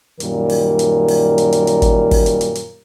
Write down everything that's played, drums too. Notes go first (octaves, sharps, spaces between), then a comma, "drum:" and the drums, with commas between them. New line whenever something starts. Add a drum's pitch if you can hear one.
F#2 A#2 D#3 G3 A#4, drum: hi-hat
drum: open hi-hat
drum: hi-hat
drum: open hi-hat
drum: hi-hat
drum: hi-hat
drum: hi-hat
drum: kick, hi-hat
drum: kick, open hi-hat
drum: hi-hat
drum: hi-hat
drum: hi-hat